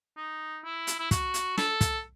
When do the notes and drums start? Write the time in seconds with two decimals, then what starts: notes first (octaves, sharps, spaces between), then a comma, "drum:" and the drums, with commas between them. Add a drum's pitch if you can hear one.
0.17 D#4
0.64 E4
0.87 drum: hi-hat
0.99 E4
1.11 F#4, drum: kick, hi-hat
1.34 drum: hi-hat
1.58 A4, drum: snare
1.81 drum: kick, hi-hat